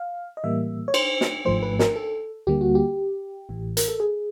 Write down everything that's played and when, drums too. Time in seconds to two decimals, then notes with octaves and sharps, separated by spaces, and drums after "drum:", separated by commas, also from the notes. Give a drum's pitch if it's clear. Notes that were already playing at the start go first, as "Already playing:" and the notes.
Already playing: F5
0.37 D#5
0.44 A2 E3 G3 A#3 E5
0.88 C#5
0.94 C5, drum: cymbal
1.21 drum: snare
1.45 G#1 G#2 F3 A3 C5
1.63 B4
1.79 A#4, drum: snare
1.96 A4
2.47 D2 D3 G3 A#3 G4
2.61 F#4
2.75 G4
3.49 A1 A2 E3
3.77 A#4, drum: hi-hat
3.88 A4
4.00 G#4